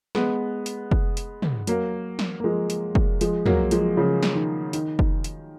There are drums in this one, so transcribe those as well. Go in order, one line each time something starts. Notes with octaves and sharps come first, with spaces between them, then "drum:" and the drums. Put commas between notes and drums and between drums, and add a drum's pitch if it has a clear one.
G#3 B3, drum: snare
drum: hi-hat
drum: kick
drum: hi-hat
drum: tom
F#3 A#3, drum: hi-hat
drum: snare
A#3
F3 G#3
drum: hi-hat
drum: kick
F3 G#3, drum: hi-hat
F#3 A#3, drum: tom
F3 G#3, drum: hi-hat
C#3 F3
drum: snare
D#3
D#3, drum: hi-hat
drum: kick
drum: hi-hat